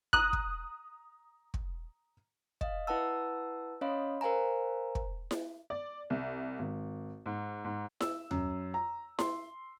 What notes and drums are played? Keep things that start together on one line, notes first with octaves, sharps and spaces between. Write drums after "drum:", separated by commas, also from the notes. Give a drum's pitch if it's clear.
A#5 D#6 F#6, drum: kick
drum: kick
drum: kick
D#5 F5, drum: kick
E4 B4 F#5 A5 E6
C#4 C#5 D#5 F5 B5 C6
A#4 C5 F5 G#5 A#5
drum: kick
drum: snare E4
D5
C2
G#1
G#2
G#2
E6, drum: snare E4
F#2, drum: tom D#2
A#5
C6, drum: snare E4